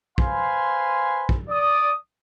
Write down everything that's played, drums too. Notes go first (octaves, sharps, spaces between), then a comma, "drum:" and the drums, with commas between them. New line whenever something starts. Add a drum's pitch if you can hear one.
B4 C5 F5 G#5 B5 C6, drum: kick
drum: kick
D5 D#6